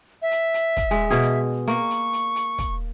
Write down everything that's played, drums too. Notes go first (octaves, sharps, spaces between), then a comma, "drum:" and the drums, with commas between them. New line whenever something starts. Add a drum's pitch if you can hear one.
E5
drum: hi-hat
drum: hi-hat
drum: kick, hi-hat
G#3
B2 G#4
drum: hi-hat
A#3 C#6, drum: hi-hat
drum: hi-hat
drum: hi-hat
drum: hi-hat
drum: kick, hi-hat